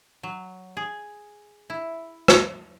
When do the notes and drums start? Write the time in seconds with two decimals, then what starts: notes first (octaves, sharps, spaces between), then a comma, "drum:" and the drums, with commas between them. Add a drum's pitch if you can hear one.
0.23 F#3
0.77 G#4
1.70 E4
2.28 drum: rim click